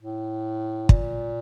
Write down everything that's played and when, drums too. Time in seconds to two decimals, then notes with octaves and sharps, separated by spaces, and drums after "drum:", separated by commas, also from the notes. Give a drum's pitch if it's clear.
0.02 A2
0.89 A#2, drum: kick